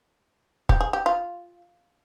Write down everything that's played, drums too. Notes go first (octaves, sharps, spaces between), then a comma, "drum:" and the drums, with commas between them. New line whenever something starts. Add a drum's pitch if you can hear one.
G4, drum: kick
G#4
G4
F4